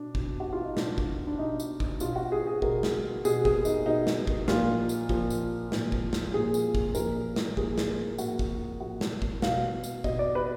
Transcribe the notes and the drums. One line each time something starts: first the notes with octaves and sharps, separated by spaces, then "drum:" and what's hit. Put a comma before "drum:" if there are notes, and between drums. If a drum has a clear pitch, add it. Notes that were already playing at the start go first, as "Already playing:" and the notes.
Already playing: B2 D4
B2, drum: kick
F#4
F4
D#4
B2 D4, drum: snare
drum: kick
D4
B2 D#4
drum: tambourine
drum: kick
B2 F4, drum: tambourine
F#4
G#4
G#4
B2 A#4, drum: kick
drum: snare
B2 G#4, drum: tambourine
G#4, drum: kick
D#4, drum: tambourine
B2 D#4
drum: snare
drum: kick
A#2 F3 F4, drum: snare
drum: tambourine
A#2 F3, drum: kick
drum: tambourine
A#2 F3, drum: snare
drum: kick
drum: snare
A#2 F3 G#4
drum: tambourine
drum: kick
A#2 F3 A#4, drum: tambourine
drum: snare
A#2 F3 G#4, drum: kick
drum: snare
A#2 F3 F#4, drum: tambourine
drum: kick
A#2 F3 F#4
drum: snare
drum: kick
B2 F5, drum: snare
drum: tambourine
B2 D#5, drum: kick
D5
B4